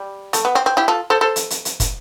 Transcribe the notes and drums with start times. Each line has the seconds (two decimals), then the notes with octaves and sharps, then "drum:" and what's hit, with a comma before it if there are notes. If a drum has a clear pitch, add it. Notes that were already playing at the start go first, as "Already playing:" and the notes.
Already playing: G3
0.33 A3, drum: hi-hat
0.45 B3
0.55 C4
0.66 C4
0.77 E4 G4
0.88 F4 A4
1.10 A4 C5
1.21 A4 C5
1.36 drum: hi-hat
1.50 drum: hi-hat
1.65 drum: hi-hat
1.80 drum: kick, hi-hat